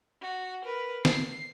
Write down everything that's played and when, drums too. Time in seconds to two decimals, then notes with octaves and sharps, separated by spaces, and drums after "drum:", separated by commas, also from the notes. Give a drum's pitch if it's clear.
0.21 F#4
0.65 A#4 B4
1.05 C7, drum: snare